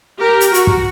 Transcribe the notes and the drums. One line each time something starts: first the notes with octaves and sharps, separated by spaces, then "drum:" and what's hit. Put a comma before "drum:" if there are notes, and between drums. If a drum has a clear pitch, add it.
G4 A#4
drum: hi-hat
F#4, drum: hi-hat
drum: kick